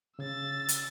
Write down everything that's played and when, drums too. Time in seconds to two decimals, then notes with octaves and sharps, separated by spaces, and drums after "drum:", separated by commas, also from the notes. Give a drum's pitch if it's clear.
0.19 C#3 E6 A6
0.69 drum: hi-hat